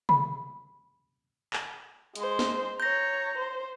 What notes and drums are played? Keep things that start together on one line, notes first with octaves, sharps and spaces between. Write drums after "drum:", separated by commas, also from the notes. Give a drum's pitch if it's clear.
B5, drum: tom C3
drum: clap
G#3 C5, drum: hi-hat
drum: snare
C#5 A#5 G6 A#6
C5